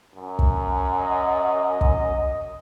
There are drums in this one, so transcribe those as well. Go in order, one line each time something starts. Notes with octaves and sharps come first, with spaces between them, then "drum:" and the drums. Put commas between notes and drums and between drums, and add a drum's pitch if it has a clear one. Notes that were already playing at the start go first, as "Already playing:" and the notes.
F#2
drum: kick
D#5
drum: kick